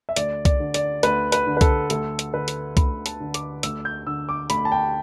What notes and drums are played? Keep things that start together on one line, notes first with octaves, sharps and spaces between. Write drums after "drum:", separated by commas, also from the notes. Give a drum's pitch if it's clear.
E5
D2 D5, drum: hi-hat
D5, drum: kick C2, hi-hat
D3
D5, drum: hi-hat
D2 B4, drum: hi-hat
B4, drum: hi-hat
D3
B4
A4, drum: kick C2, hi-hat
D2 A4, drum: hi-hat
drum: hi-hat
D3 B4
drum: hi-hat
D2 B5, drum: kick C2, hi-hat
A5, drum: hi-hat
D3
D6, drum: hi-hat
D2 E6, drum: hi-hat
G6
D3 E6
D6
D2 B5, drum: hi-hat
A5
G5